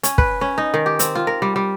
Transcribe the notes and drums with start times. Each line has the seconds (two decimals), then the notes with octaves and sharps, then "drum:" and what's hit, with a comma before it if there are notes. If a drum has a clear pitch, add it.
0.03 C#4, drum: hi-hat
0.18 B4, drum: kick
0.41 C#4
0.58 D#4
0.74 D#3
0.86 G4
0.99 C4, drum: hi-hat
1.15 F4
1.27 A#4
1.42 G3
1.56 G3